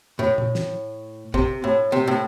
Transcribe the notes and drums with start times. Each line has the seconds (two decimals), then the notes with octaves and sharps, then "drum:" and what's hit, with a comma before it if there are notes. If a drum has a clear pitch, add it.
0.19 A2
0.38 drum: tom
0.55 drum: snare
1.34 C3, drum: kick
1.64 A2
1.92 C3
2.07 A2